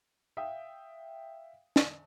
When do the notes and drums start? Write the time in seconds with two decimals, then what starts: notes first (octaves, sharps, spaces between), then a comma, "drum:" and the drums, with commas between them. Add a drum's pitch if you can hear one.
0.37 E5 F5 G5 D#6
1.76 drum: snare